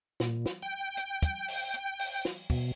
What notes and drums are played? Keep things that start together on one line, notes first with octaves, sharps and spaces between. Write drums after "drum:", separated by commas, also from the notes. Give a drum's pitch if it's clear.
A#2, drum: snare
drum: snare
G5
drum: hi-hat
drum: kick, hi-hat
drum: open hi-hat
drum: hi-hat
drum: open hi-hat
drum: snare
B2, drum: kick, open hi-hat